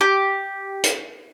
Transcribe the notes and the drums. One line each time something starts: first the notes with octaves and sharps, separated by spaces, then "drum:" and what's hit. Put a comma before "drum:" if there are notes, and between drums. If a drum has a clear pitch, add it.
G4
drum: hi-hat